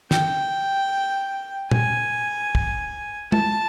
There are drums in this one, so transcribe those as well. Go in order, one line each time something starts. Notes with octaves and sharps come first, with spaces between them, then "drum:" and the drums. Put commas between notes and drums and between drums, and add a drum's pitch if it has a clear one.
G5, drum: snare
G#5, drum: tom A#2
drum: kick
A5, drum: tom G#3